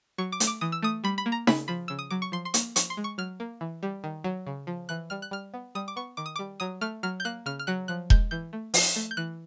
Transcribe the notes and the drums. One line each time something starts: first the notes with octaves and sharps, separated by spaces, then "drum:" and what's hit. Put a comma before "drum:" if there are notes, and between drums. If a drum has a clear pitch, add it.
F#3 C#6
D6
A3, drum: hi-hat
D6
E3 D#6
E6
A3 D#6
G3 B5
B5
A#3
A#5
C#3 B5, drum: snare D#4
F3 B5
C#3 E6
D#6
F#3 D6
C#6
F3 C6
C6
A#3 C#6, drum: hi-hat
F3 C#6, drum: hi-hat
C6
G#3
C#6
F#3 F6
A#3
E3
G3
D#3
F#3
C#3
F3
E3 F#6
G3 F6
F#6
G3 F6
B3
G3 D#6
D6
B3 C#6
D#3 D6
D#6
G3 D6
F#3 D#6
A3 F6
F#3 F6
G6
A#3 F#6
C#3 F6
F6
F#3 F#6
F3 F#6
G#3 G6, drum: kick E1
E3 G6
A3
F3, drum: open hi-hat
A3
G6
E3 F#6